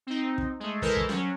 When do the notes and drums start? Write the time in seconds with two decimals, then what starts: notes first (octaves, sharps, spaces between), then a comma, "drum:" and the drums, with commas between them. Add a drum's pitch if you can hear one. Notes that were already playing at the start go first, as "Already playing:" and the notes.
0.07 C4 D#4
0.38 drum: kick
0.60 G#3 A3
0.82 E3 G#3 A4 A#4 C5, drum: kick
0.96 drum: kick
1.09 F#3 C#4, drum: snare